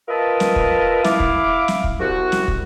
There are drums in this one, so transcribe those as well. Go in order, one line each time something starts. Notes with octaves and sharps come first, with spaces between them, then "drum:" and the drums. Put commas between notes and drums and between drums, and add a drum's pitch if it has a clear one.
F4 A#4 B4 D#5 E5 A5
drum: snare
drum: kick
E4 F5 D6, drum: snare
drum: kick
drum: snare
drum: kick
C2 F#4
drum: snare
drum: kick